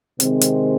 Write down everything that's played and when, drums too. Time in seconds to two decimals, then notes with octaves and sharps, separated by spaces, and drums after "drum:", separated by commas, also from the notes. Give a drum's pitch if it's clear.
0.20 C3 D#3 G#3 C4, drum: hi-hat
0.41 drum: hi-hat